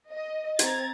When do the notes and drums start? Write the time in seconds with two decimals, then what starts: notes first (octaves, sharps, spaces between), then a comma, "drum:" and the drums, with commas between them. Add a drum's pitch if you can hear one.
0.11 D#5
0.59 C4 A#5 G#6 A6, drum: hi-hat